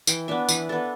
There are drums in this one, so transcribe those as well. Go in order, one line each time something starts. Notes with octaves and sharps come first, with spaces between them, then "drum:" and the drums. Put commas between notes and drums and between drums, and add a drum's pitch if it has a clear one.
E3 G5, drum: tambourine
B3 D4 E5
E3 B4, drum: tambourine
B3 D4 A4